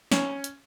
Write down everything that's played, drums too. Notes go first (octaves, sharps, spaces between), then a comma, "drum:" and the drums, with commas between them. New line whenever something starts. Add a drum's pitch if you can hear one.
C#4, drum: snare
drum: hi-hat